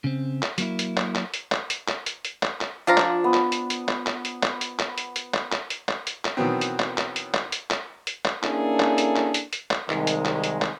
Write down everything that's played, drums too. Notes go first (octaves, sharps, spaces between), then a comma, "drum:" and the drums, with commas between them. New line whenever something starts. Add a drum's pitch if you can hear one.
C#3 C4
drum: clap
F#3 A#3 E4, drum: hi-hat
drum: hi-hat
drum: clap
drum: clap
drum: hi-hat
drum: clap
drum: hi-hat
drum: clap
drum: hi-hat
drum: hi-hat
drum: clap
drum: clap
F3 D4 F5 A#5
drum: clap
B3
drum: clap
drum: hi-hat
drum: hi-hat
drum: clap
drum: clap
drum: hi-hat
drum: clap
drum: hi-hat
drum: clap
drum: hi-hat
drum: hi-hat
drum: clap
drum: clap
drum: hi-hat
drum: clap
drum: hi-hat
drum: clap
B2 D#3 E3 F#3 B3 C4
drum: hi-hat
drum: clap
drum: clap
drum: hi-hat
drum: clap
drum: hi-hat
drum: clap
drum: hi-hat
drum: clap
A#3 C#4 D4 E4 G#4 A4, drum: clap
drum: clap
drum: hi-hat
drum: clap
drum: hi-hat
drum: hi-hat
drum: clap
C2 D#3 G#3, drum: clap
drum: hi-hat
drum: clap
drum: hi-hat
drum: clap